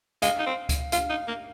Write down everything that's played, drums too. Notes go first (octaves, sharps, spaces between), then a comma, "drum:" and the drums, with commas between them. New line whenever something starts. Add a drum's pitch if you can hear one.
G#3 F5, drum: hi-hat
D#4
C4
drum: kick C#2, hi-hat
F4 F5, drum: hi-hat
D#4
A#3